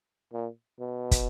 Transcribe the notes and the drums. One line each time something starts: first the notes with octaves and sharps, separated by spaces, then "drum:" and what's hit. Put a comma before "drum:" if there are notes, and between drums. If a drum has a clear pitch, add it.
A#2
B2
drum: kick, hi-hat